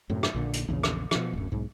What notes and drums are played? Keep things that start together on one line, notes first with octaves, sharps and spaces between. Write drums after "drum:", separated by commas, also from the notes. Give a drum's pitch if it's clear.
F#2 A2 C3 F#3
drum: rim click
A#1 A#2 D3
drum: hi-hat
A#1 E2 C#3
drum: rim click
B2 F3, drum: rim click
D1 F#2
B1 G#2